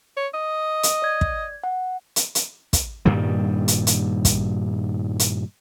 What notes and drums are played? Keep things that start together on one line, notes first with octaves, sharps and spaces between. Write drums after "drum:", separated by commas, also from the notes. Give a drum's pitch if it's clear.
C#5
D#5
drum: hi-hat
D5 G#6
drum: kick
F#5
drum: hi-hat
drum: hi-hat
drum: kick, hi-hat
G2 A#2 D#3 G3
drum: hi-hat
drum: hi-hat
drum: kick, hi-hat
drum: hi-hat